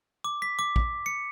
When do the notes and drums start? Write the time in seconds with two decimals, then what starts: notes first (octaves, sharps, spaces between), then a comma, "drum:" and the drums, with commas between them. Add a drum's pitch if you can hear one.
0.24 D6
0.42 B6
0.59 D6
0.76 drum: kick
1.06 C#7